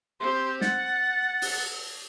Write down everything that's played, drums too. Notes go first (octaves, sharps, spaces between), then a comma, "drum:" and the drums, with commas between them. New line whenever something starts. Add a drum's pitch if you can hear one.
C4 G4 C6
F#5 A6, drum: snare
drum: open hi-hat